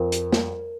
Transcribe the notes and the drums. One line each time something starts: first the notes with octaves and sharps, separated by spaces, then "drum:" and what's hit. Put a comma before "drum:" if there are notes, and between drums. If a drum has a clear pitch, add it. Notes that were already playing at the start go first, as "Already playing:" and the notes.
Already playing: F2 A#4
drum: hi-hat
drum: snare